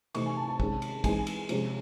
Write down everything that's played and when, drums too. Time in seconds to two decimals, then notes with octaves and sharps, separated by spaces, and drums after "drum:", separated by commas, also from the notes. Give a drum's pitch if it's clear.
0.15 C3 E3 A3 C4 D#4 C#6, drum: cymbal
0.26 G#5
0.37 A5
0.48 A5
0.60 C3 D#3 G#3 C#4, drum: kick
0.82 drum: cymbal
1.04 E3 G#3 C4 D#4 G#5, drum: kick, cymbal
1.27 drum: cymbal
1.49 C3 F3 G#3 C#4, drum: cymbal